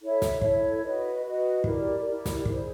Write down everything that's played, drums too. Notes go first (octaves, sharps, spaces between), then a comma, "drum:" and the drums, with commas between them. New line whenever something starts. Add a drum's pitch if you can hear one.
E4 A4 C#5 E5
drum: snare
E4 A4 C#5 E5, drum: kick
F#4 B4 D#5
F#4 B4 D#5
E4 G4 A#4 D5, drum: kick
E4 G4 A#4 D5
drum: snare
E4 G#4 C5, drum: kick